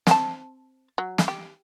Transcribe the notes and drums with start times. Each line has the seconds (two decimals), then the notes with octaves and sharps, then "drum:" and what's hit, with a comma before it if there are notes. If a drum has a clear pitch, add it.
0.07 C4 G5 A5, drum: snare
0.98 F#3
1.18 drum: snare
1.28 G4